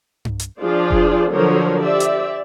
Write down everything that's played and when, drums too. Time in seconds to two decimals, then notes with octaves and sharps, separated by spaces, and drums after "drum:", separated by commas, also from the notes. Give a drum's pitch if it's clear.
0.25 drum: tom G2
0.40 drum: hi-hat
0.60 F3 D4 F4 G#4 C5 D5
0.91 drum: kick F1
1.32 D3 F3 F#3 A#4 C5 C#5
1.82 G4 C5 D5 E5
2.00 drum: hi-hat